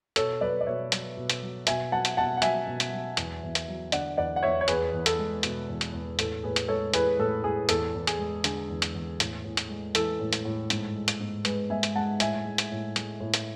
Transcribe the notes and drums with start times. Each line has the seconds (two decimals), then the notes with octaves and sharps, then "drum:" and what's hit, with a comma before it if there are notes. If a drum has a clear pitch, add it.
0.16 B2 A4 C#5, drum: hi-hat
0.41 F#3 B4 D5
0.61 D5
0.66 B2 C#5 E5
0.92 F#3, drum: hi-hat
1.17 B2
1.30 drum: hi-hat
1.42 F#3
1.67 B2 E5 G#5, drum: hi-hat
1.92 F#3 F#5 A5
2.05 drum: hi-hat
2.17 B2 F#5 A5
2.37 F#5
2.42 F#3 E5 G#5, drum: hi-hat
2.67 B2
2.80 drum: hi-hat
2.93 F#3
3.17 E2, drum: hi-hat
3.43 E2
3.55 drum: hi-hat
3.68 F#3
3.92 D3 D5 F#5, drum: hi-hat
4.17 E2 D5 F#5
4.36 F#5
4.43 E2 C#5 E5
4.61 C#5
4.68 E2 G#4 B4, drum: hi-hat
4.93 E2
5.06 A4, drum: hi-hat
5.19 G#3
5.43 B2, drum: hi-hat
5.69 E2
5.81 drum: hi-hat
5.93 E2
6.19 A2 A4, drum: hi-hat
6.44 A2 G#4 B4
6.56 drum: hi-hat
6.68 G#3 A4 C#5
6.94 E3 G#4 B4, drum: hi-hat
7.19 A2 A4
7.44 A2 G#4
7.69 E2 A4, drum: hi-hat
7.94 E2
8.07 G#4, drum: hi-hat
8.19 G#3
8.44 D3 G#4, drum: hi-hat
8.70 E2
8.82 drum: hi-hat
8.95 E2
9.20 A2, drum: hi-hat
9.44 A2
9.57 drum: hi-hat
9.69 G#3
9.95 E3 A4, drum: hi-hat
10.20 A2
10.33 drum: hi-hat
10.45 A2
10.70 G#2, drum: hi-hat
10.95 G#3
11.08 drum: hi-hat
11.20 G#2
11.45 G#3 G#4 B4, drum: hi-hat
11.70 G#2 E5 G#5
11.83 drum: hi-hat
11.96 G#3 F#5 A5
12.20 A2 E5 G#5, drum: hi-hat
12.45 G#3
12.58 drum: hi-hat
12.71 A2
12.96 G#3, drum: hi-hat
13.20 A2
13.34 drum: hi-hat